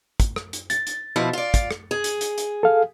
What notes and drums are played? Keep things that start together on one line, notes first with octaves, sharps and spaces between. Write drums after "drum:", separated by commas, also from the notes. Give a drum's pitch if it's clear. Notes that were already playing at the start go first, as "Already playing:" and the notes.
drum: kick, hi-hat
drum: rim click
drum: hi-hat
A6, drum: hi-hat
drum: hi-hat
B2 F3 E4
F4 D5
drum: kick, hi-hat
drum: rim click
G#4
drum: hi-hat
drum: hi-hat
drum: hi-hat
A4 F5